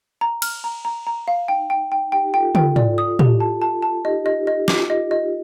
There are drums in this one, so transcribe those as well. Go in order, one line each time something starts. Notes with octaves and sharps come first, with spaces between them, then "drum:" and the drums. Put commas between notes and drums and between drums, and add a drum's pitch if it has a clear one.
A#5
F6, drum: cymbal
A#5
A#5
A#5
F5
D#4 G5
G5
G5
D#4 G4 G5
G4
F4 A4 G5
F4 A4 G5, drum: tom
D5, drum: tom
D#6
G4, drum: tom
A5
A5
A5
D#4 G4 D#5
D#5
D#5
F4 D6, drum: snare
D#5
D#5